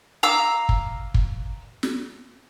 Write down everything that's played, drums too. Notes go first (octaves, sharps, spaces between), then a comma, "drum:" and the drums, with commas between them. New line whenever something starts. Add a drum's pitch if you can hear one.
F5 A#5 D6 E6
drum: kick
drum: kick
drum: snare